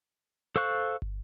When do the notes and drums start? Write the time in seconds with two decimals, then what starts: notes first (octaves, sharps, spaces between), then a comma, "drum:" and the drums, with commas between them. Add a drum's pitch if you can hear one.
0.56 A4 C5 F5 C#6 F#6
1.02 drum: kick